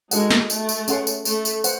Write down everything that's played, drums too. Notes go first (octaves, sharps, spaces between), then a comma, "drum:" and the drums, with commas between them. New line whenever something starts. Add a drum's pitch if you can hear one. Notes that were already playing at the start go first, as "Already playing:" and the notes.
G#3 D#4 F#4 A4 D#5 F#5, drum: tambourine
drum: snare
A3, drum: tambourine
drum: tambourine
C#4 G#4 C#5 F#5 C6, drum: tambourine
drum: tambourine
A3, drum: tambourine
drum: tambourine
C5 F#5, drum: tambourine